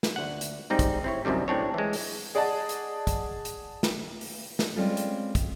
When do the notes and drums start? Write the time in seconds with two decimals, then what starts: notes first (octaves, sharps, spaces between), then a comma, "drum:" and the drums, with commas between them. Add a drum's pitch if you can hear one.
0.03 drum: snare
0.16 D2 F#5
0.41 drum: hi-hat
0.70 G#2 G3 C4 D#4
0.79 drum: kick, hi-hat
1.04 C4 E4 C#5
1.25 C2 F#2 C3 D#3 G3
1.48 A2 C4 D4 C#5
1.74 E3 G#3
1.93 drum: open hi-hat
2.35 G#4 D5 D#5 F#5 A5
2.69 drum: hi-hat
3.07 drum: kick, hi-hat
3.45 drum: hi-hat
3.83 drum: snare
4.21 drum: open hi-hat
4.59 drum: snare
4.76 G3 G#3 C4 C#4 F4 A4
4.97 drum: hi-hat
5.35 drum: kick, hi-hat